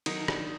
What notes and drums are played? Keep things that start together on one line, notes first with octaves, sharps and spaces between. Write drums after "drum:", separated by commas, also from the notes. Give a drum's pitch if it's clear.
D#3 F#3 D#4, drum: cymbal
D4, drum: rim click